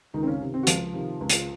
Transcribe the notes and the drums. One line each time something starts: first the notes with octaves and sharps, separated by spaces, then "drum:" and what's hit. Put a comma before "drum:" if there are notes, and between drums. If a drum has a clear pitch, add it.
C#2 D#3 D#4
C4
C#3 C#4
C3 D#3
C4
F#4
C#2 F3 F4, drum: hi-hat
C3 D#3
C#2
drum: hi-hat